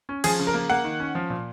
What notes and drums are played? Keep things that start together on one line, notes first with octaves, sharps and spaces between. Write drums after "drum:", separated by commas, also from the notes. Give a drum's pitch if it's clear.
C#4
F3 G#4, drum: cymbal
C#3
A#4
A#3
A#3 F#5
D#3
C#4
F3
A#2